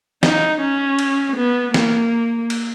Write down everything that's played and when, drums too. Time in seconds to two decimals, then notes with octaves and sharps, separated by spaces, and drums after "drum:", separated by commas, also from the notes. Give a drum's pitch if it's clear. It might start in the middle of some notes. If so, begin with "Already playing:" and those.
0.23 D#4, drum: snare
0.61 C#4
0.99 drum: cymbal
1.36 B3
1.74 A#3, drum: snare
2.50 drum: cymbal